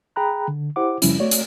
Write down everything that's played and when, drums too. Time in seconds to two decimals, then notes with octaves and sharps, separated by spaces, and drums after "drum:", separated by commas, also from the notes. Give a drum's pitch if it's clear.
0.16 G#4 G5 A#5 B5 F#6
0.48 D3
0.76 E4 G4 C5 F#5 D6
1.02 F#2 C#3 F3 G3 C#4 E4, drum: hi-hat
1.20 A3 F#4 C#5 D5
1.31 drum: hi-hat